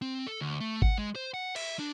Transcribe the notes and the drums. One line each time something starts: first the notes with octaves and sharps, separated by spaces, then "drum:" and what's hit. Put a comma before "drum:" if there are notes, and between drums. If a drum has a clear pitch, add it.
C4
A4
D2
A3
F#5, drum: kick G#1
G#3
C5
F#5
E5, drum: cymbal
D4